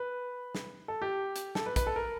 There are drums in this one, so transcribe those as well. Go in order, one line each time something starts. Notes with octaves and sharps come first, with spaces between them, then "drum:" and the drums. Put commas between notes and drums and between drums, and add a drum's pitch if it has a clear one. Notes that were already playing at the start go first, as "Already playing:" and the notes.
Already playing: B4
drum: snare
A4
G4
drum: hi-hat
A4, drum: snare
B4
B4, drum: kick, hi-hat
A4
A#4